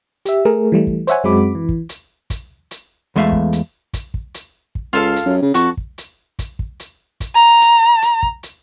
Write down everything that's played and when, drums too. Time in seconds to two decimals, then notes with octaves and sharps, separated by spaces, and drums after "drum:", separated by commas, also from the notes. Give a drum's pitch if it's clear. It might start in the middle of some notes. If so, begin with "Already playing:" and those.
0.25 G4 E5, drum: hi-hat
0.45 A3 G#4 A#4
0.72 E3 G3 A3
0.87 drum: kick
1.07 C5 C#5 E5 F#5 G#5, drum: hi-hat
1.24 F#2 G#3 C4 F#4 B5 D6
1.55 E3
1.69 drum: kick
1.89 drum: hi-hat
2.30 drum: kick, hi-hat
2.71 drum: hi-hat
3.16 E2 G#3 A3 E5 F5
3.32 drum: kick
3.53 drum: hi-hat
3.93 drum: kick, hi-hat
4.14 drum: kick
4.34 drum: hi-hat
4.75 drum: kick
4.93 C#2 F4 A4 F5
5.16 drum: hi-hat
5.26 F#2
5.42 C#3
5.54 F2 F#4 A5 C#6, drum: hi-hat
5.77 drum: kick
5.98 drum: hi-hat
6.39 drum: kick, hi-hat
6.59 drum: kick
6.80 drum: hi-hat
7.20 drum: kick, hi-hat
7.35 A#5
7.61 drum: hi-hat
8.02 drum: hi-hat
8.23 drum: kick
8.43 drum: hi-hat